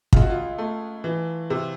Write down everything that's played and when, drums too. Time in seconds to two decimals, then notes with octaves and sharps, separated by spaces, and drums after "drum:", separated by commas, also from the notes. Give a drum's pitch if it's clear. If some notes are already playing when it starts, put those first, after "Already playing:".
0.13 C#2 F4, drum: kick
0.21 F#4
0.29 F4
0.58 A3
1.04 E3
1.50 C3